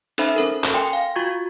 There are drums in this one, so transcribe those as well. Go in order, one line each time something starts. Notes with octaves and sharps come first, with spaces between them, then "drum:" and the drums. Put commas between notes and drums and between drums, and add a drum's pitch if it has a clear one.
C#4 D#4 A4 C5 E5 B5, drum: hi-hat
C#4 A4 A#4
drum: clap
G5 G#5 C6 C#7
F5
F4 F#4 C#6 G#6 A6